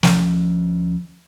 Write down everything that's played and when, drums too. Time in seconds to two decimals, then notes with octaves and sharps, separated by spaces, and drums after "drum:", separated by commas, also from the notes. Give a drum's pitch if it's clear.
0.03 D2 F3 C#4, drum: snare